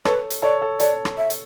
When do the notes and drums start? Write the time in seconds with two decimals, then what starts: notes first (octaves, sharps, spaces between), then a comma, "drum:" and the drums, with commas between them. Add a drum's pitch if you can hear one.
0.05 A4 B4 C#5, drum: rim click
0.30 drum: hi-hat
0.42 A4 C#5 D5
0.62 A4 C#5
0.80 A4 C#5 D5, drum: hi-hat
1.05 drum: rim click
1.18 E5
1.30 drum: hi-hat